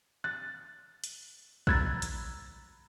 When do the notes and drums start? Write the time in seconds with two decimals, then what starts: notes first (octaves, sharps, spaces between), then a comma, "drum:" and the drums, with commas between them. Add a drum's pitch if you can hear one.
0.24 F#6 A6
1.04 drum: hi-hat
1.67 A#5 B5 E6 F#6 G#6 A6, drum: kick A#1
2.02 drum: hi-hat